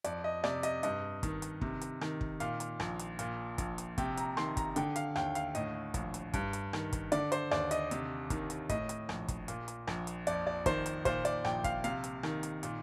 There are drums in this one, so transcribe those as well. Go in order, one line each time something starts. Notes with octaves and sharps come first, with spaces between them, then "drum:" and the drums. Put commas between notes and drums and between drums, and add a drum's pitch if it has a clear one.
F2 D5, drum: hi-hat
D#5
C3 D5, drum: rim click
D#5, drum: hi-hat
G2 D#5, drum: hi-hat
D#3, drum: kick, hi-hat
drum: hi-hat
C3, drum: kick
drum: hi-hat
D#3, drum: rim click
drum: kick
A#2 F5, drum: hi-hat
drum: hi-hat
A#1, drum: rim click
drum: hi-hat
A#2, drum: hi-hat
A#1, drum: kick, hi-hat
drum: hi-hat
C3 G5, drum: kick, hi-hat
A#5, drum: hi-hat
D#3 C6, drum: rim click
A#5, drum: kick, hi-hat
D3 G5, drum: hi-hat
F5, drum: hi-hat
D#2 G5, drum: rim click
F5, drum: hi-hat
A2 D#5, drum: hi-hat
A#1, drum: kick, hi-hat
drum: hi-hat
G2, drum: kick, hi-hat
drum: hi-hat
D#3, drum: rim click
drum: kick, hi-hat
D3 D5, drum: hi-hat
C5, drum: hi-hat
D#2 D5, drum: rim click
D#5, drum: hi-hat
C3, drum: hi-hat
D#3, drum: kick, hi-hat
drum: hi-hat
A2 D#5, drum: kick, hi-hat
drum: hi-hat
A#1, drum: rim click
drum: kick, hi-hat
A#2, drum: hi-hat
drum: hi-hat
A#1, drum: rim click
drum: hi-hat
F2 D5, drum: hi-hat
D5
D#3 C5, drum: kick, hi-hat
drum: hi-hat
A#2 C5, drum: kick, hi-hat
D5, drum: hi-hat
A#1 G5, drum: rim click
F5, drum: kick, hi-hat
C3 F5, drum: hi-hat
drum: hi-hat
D#3, drum: rim click
drum: hi-hat
A#2, drum: hi-hat